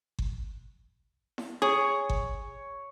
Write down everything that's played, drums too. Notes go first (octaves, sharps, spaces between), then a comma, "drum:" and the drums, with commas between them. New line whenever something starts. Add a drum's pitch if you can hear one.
drum: kick G1
drum: snare E4
G#4 C#5
drum: kick G1